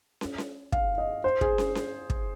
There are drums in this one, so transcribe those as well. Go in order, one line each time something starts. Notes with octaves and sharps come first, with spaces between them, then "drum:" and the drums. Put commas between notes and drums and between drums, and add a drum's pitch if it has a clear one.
drum: snare
drum: snare
F5, drum: kick
D#5
C5
G#4, drum: kick
drum: snare
drum: snare
drum: kick